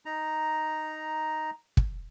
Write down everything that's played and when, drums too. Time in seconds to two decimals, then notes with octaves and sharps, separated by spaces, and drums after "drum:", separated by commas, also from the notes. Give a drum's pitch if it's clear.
0.06 D#4 A#5
1.77 drum: kick